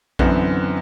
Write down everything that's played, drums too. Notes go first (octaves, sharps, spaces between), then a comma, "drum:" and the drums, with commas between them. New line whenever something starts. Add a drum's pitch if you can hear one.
F#2 D3 E3 B3 C4, drum: kick A#1